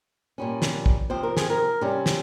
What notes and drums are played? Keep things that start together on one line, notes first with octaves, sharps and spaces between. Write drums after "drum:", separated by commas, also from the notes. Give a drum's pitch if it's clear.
A#2 G3 C#4
drum: snare
drum: kick
C3 F3 C4 C5
A#4
G#4, drum: snare
A#4
C3 G3 C#4
drum: snare